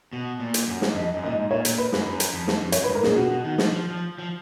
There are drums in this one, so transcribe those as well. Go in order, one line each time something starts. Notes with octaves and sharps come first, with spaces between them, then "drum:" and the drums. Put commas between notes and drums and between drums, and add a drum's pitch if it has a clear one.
B2
A#2
drum: hi-hat
F#2
drum: snare
F2 D#5
F#2
A#2 D#5
G#2
A#2 C#5
A#2, drum: hi-hat
B4
F#2, drum: snare
F#2
drum: hi-hat
F2
drum: snare
F2
F#2 C#5, drum: hi-hat
G#2 B4
A#4
A#2 G#4, drum: snare
B2 F#4
B2
D#3
F3, drum: snare
F3
F3
F3